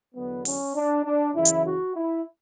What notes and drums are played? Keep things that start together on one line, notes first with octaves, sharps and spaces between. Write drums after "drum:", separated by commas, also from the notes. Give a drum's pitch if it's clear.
E2 D3 F#3 B3
C#4, drum: open hi-hat
D4
D4
F#2 C#3 E3 E4
drum: hi-hat
F#4
E4